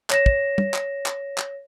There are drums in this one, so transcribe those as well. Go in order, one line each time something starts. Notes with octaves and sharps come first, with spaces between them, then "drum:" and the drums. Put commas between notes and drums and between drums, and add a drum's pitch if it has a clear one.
C#5 A#6 E7, drum: clap
drum: kick
drum: tom
drum: clap
drum: clap
drum: clap